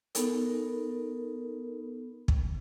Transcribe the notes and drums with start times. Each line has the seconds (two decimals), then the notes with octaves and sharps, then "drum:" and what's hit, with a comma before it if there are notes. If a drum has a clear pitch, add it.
0.15 B3 D#4 A4 A#4, drum: hi-hat
2.28 drum: kick